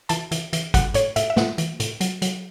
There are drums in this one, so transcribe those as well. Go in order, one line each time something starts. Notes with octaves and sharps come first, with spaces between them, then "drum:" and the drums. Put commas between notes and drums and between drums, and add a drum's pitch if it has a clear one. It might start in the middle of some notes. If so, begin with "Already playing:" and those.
E3 A5, drum: hi-hat
E3, drum: hi-hat
E3, drum: hi-hat
F#3 F#5, drum: kick G#1, hi-hat
A2 C#5, drum: hi-hat
A2 E5, drum: hi-hat
E5
A2 F#5, drum: snare
E3, drum: hi-hat
A2, drum: hi-hat
F#3, drum: hi-hat
F#3, drum: hi-hat